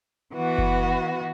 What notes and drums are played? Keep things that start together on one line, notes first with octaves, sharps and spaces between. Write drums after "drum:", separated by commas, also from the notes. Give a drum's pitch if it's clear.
E3 B3 F#4
drum: kick F#1